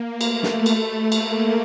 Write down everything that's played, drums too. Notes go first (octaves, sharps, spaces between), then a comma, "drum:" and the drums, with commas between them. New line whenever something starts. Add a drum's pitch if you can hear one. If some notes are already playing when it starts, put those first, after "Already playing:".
Already playing: A#3
A3, drum: cymbal
drum: snare
drum: cymbal
A#3, drum: cymbal